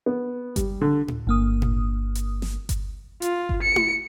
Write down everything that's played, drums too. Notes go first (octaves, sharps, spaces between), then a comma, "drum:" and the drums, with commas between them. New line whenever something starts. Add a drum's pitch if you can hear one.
B3
G3, drum: kick G1, hi-hat
D3
drum: tom A2
G1 A#3 D#6
drum: tom A2
drum: hi-hat
drum: snare
drum: kick G1, hi-hat
F4, drum: hi-hat
drum: kick G1
C#7
drum: tom E4